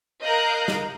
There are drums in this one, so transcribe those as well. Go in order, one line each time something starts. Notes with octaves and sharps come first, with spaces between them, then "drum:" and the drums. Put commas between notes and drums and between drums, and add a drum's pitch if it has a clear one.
A#4 D#5 F5 A#5 F#6 G6
drum: snare